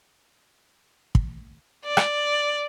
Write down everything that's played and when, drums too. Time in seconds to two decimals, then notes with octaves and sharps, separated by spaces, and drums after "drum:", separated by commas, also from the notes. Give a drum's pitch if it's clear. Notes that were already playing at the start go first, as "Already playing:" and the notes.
1.15 drum: kick
1.85 D5
1.97 drum: rim click